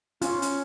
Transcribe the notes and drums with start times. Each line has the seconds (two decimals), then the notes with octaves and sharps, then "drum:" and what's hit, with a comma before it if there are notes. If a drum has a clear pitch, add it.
0.22 C#4 F4, drum: hi-hat
0.42 drum: hi-hat